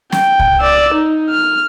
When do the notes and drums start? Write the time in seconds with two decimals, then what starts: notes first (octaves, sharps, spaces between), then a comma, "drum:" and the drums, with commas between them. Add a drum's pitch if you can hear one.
0.12 G5, drum: snare
0.39 drum: kick C2
0.60 D5 E6
0.94 D#4
1.30 F6